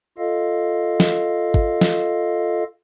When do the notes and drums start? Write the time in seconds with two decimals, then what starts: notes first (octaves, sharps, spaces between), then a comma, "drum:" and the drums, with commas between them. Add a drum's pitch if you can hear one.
0.18 F4 A4 D#5 F5
1.00 drum: snare
1.54 drum: kick G#1
1.81 drum: snare